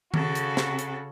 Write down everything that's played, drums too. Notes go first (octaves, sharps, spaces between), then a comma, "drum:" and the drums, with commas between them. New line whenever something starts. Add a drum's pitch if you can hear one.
C#3 F#4 A4, drum: tom D#3
drum: hi-hat
drum: snare
drum: hi-hat